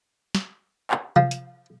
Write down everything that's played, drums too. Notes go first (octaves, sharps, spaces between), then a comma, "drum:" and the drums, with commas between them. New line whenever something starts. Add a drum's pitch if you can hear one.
drum: snare
drum: clap
F3, drum: tom C3
drum: hi-hat